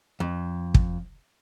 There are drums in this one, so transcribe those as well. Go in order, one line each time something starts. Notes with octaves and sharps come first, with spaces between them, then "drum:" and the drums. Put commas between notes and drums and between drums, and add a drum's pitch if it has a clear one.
F2
drum: kick